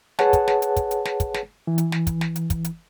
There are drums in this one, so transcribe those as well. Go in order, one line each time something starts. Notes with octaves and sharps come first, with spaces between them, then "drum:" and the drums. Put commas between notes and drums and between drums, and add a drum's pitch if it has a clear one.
G#4 B4 C#5 F#5 A5, drum: snare
drum: kick, hi-hat
drum: snare
drum: hi-hat
drum: kick, hi-hat
drum: hi-hat
drum: snare
drum: kick, hi-hat
drum: snare
E3
drum: hi-hat
drum: snare
drum: kick, hi-hat
drum: snare
drum: hi-hat
drum: kick, hi-hat
drum: hi-hat